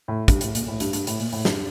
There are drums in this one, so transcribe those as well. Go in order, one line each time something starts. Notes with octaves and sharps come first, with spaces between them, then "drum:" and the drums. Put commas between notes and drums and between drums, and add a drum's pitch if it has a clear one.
A2
G2, drum: kick, hi-hat
A2, drum: hi-hat
A#2, drum: hi-hat
A2
G2, drum: hi-hat
G2, drum: hi-hat
A2, drum: hi-hat
A#2, drum: open hi-hat
A2, drum: open hi-hat
G2, drum: snare